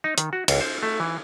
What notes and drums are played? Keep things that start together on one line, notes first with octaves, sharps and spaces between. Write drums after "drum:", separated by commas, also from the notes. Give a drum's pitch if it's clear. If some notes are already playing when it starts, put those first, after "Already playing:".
D#4
D#3, drum: hi-hat
F#4
C#2, drum: cymbal
C5
A3
E3